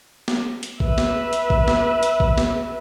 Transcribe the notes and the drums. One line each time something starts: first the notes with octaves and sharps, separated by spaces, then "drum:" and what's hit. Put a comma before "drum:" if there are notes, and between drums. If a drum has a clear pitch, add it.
drum: snare
drum: hi-hat
B4 E5, drum: kick A1
drum: snare
drum: hi-hat
drum: kick A1
drum: snare
drum: hi-hat
drum: kick A1
drum: snare